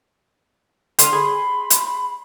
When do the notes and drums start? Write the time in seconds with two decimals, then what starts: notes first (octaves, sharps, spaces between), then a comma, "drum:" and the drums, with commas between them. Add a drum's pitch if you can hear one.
0.99 D3 C6 D#6 F6, drum: hi-hat
1.13 G#4 B5
1.70 drum: hi-hat